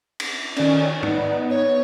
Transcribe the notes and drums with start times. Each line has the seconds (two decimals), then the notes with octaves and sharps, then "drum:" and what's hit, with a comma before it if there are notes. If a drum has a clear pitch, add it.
0.20 drum: cymbal
0.56 D#3 C#4 D5, drum: cymbal
1.03 B3 D#4 D5, drum: tom G#2
1.50 C#5